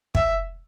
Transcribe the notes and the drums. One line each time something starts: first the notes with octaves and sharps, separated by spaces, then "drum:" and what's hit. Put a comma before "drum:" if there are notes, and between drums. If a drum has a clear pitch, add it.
E5, drum: kick